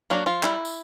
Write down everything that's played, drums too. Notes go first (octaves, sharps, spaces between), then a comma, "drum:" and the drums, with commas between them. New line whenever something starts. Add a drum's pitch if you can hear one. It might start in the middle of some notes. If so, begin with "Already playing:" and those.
F#3 A#3 D4 F#4
F3 F4
G3 E4, drum: clap
drum: tambourine